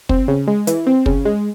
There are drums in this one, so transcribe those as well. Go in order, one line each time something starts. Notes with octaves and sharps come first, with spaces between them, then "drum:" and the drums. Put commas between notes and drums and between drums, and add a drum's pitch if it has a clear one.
C4, drum: kick
C#3
G#3
E3, drum: hi-hat
C4
C#3, drum: kick
G#3